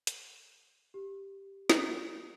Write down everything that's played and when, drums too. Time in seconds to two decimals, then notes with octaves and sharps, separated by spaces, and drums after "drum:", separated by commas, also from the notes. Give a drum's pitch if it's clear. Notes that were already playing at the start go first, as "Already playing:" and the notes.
0.07 drum: hi-hat
0.94 G4
1.70 drum: snare